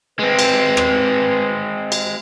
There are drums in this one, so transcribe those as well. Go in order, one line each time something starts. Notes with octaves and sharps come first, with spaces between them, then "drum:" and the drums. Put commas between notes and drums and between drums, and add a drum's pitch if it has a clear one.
G#3 C4 B4
drum: cymbal
drum: rim click
drum: cymbal